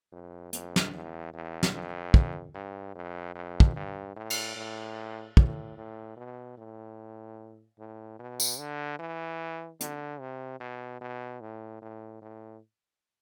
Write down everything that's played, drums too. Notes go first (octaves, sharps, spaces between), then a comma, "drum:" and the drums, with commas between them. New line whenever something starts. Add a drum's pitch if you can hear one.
F2
F2, drum: hi-hat
drum: snare
E2
E2
drum: snare
F2
drum: kick
G2
F2
F2
drum: kick
G2
A2
drum: cymbal
A2
A2, drum: kick
A2
B2
A2
A2
B2
drum: tambourine
D3
E3
D3, drum: hi-hat
C3
B2
B2
A2
A2
A2